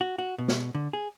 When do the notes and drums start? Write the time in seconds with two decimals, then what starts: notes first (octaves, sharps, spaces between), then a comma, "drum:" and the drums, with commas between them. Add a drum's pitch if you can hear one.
0.01 F#4
0.18 F#4
0.38 B2
0.48 drum: snare
0.75 D3
0.93 G#4